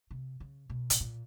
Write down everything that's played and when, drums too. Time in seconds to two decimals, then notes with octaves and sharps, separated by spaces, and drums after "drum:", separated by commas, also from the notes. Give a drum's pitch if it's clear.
0.11 C3
0.40 C#3
0.70 B2
0.90 A2, drum: hi-hat
1.00 A#2